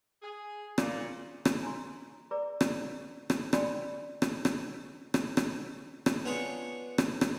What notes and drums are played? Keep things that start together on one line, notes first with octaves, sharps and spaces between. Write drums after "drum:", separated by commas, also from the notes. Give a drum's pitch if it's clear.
G#4
A#2, drum: rim click
drum: rim click
G#5 A#5 C6
G#4 B4 D5 A#5
drum: rim click
drum: rim click
D5 G5 G#5 B5 C6, drum: rim click
drum: rim click
drum: rim click
drum: rim click
drum: rim click
drum: rim click
B3 D4 F4 G#4 C#5
drum: rim click
drum: rim click